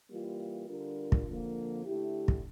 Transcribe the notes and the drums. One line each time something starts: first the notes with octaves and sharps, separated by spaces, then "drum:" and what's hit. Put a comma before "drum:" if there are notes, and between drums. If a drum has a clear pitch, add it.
E3 G3 A#3 F4
D3 G3 D4 F4 A#4
drum: kick
F2 D3 F3 A#3
D3 A3 E4 G4
drum: kick